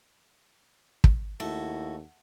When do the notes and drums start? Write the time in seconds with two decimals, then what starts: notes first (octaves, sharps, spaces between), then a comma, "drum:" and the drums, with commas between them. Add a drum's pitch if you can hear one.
1.04 drum: kick
1.40 D#2 A3 E4 F#4